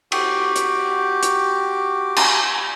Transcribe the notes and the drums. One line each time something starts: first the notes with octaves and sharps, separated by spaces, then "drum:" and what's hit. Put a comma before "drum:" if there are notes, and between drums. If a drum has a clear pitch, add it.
F#4 G4 G5, drum: cymbal
drum: hi-hat
drum: hi-hat
drum: cymbal